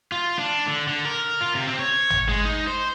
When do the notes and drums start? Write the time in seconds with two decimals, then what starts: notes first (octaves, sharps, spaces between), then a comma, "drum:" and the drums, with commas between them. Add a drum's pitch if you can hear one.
0.12 F4
0.39 D4
0.67 D3
0.88 D3
1.05 A#4
1.41 F4
1.55 C3
1.67 C4
1.79 C#5
2.10 drum: tom
2.29 G#3
2.45 D#4
2.67 C5